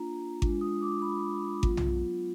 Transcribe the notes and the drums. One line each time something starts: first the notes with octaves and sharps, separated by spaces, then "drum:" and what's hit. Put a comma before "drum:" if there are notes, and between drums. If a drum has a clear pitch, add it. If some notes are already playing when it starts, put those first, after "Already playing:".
Already playing: A#3 D4 F4 A#5
G#3 D4 F4, drum: kick G#1
D#6
D6
B5
F#3 B3 F4, drum: kick G#1
drum: tom B1